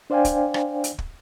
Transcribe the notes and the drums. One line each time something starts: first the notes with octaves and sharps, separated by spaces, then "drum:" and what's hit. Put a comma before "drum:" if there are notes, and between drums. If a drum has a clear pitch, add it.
D4 C5 D5 F5 G5 G#5
drum: kick, hi-hat
drum: rim click
drum: hi-hat
drum: kick